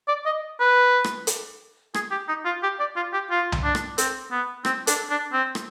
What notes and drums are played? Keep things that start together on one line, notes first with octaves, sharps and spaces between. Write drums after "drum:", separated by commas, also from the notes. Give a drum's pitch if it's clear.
D5
D#5
B4
drum: rim click
drum: hi-hat
G#4, drum: rim click
G4
D#4
F4
G4
D5
F4
G4
F4
drum: tom C2
D4
drum: rim click
C4, drum: hi-hat
B3
C4, drum: rim click
D4, drum: hi-hat
D4
C4
drum: rim click